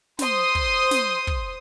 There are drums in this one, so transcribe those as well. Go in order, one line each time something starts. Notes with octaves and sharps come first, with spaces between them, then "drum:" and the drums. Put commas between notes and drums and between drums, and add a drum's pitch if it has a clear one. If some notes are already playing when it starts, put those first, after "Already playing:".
C5 C6 D#6, drum: snare
drum: kick
drum: snare
drum: kick